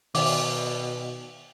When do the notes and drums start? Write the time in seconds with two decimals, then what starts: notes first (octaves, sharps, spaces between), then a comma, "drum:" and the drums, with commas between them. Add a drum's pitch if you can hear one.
0.15 B2 D#3 D6, drum: open hi-hat